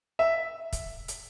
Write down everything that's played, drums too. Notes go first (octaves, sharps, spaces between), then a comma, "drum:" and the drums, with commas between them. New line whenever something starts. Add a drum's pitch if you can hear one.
E5
drum: kick, hi-hat
drum: hi-hat